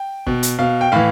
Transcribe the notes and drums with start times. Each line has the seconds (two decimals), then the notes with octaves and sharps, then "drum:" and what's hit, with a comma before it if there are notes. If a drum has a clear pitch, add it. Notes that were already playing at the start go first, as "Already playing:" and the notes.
Already playing: G5
0.27 B2, drum: kick
0.43 drum: hi-hat
0.59 B2 F5
0.81 G5
0.92 A2 E3 F5